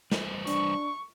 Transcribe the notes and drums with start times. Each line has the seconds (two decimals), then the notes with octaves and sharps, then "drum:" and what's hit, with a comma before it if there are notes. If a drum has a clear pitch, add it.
0.12 G3 B4 C5, drum: snare
0.47 D4 C#6, drum: hi-hat